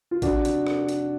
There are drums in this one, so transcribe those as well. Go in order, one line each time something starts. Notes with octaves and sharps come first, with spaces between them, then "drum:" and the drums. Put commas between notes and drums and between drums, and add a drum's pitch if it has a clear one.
F4
F1 D4 F#4, drum: kick A1, hi-hat
F1, drum: hi-hat
drum: rim click
drum: hi-hat